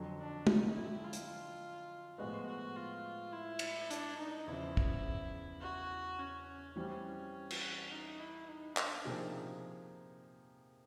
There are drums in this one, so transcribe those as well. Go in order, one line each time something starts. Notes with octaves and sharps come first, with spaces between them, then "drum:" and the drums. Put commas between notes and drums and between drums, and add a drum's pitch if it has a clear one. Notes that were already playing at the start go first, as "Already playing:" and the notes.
Already playing: F2 D3 F#3
D4
D#4, drum: tom
E4
F4
drum: hi-hat
A2 F3 G#3 B3 F#4
F#4
F4
E4
drum: cymbal
D4, drum: hi-hat
D#4
E2 C#3 F3 E4
drum: kick
F#4
C#4
E3 G3 C4 C#4
drum: cymbal
D#4
E4
D#4
D4, drum: clap
C3 F3 A#3 D#4 G#4